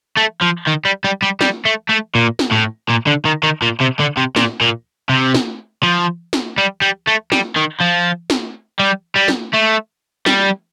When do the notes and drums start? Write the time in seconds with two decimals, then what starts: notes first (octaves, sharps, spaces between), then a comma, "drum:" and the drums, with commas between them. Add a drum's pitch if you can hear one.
0.17 A3
0.42 F3
0.67 D#3
0.85 G3
1.04 G3
1.22 G3
1.41 G3, drum: snare
1.65 A3
1.90 A3
2.15 A#2
2.39 drum: snare
2.51 A2
2.89 A#2
3.07 D3
3.25 D#3
3.43 D#3
3.62 A#2
3.80 C3
3.99 D3
4.17 C3
4.36 A#2, drum: snare
4.61 A#2
5.09 C3
5.34 drum: snare
5.83 F3
6.33 drum: snare
6.58 G3
6.82 G3
7.07 A3
7.32 G3, drum: snare
7.56 D#3
7.80 F3
8.30 drum: snare
8.79 G3
9.16 G3
9.28 drum: snare
9.53 A3
10.26 G3, drum: snare